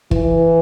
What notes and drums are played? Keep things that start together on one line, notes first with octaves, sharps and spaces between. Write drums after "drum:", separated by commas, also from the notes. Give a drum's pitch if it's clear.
E3, drum: kick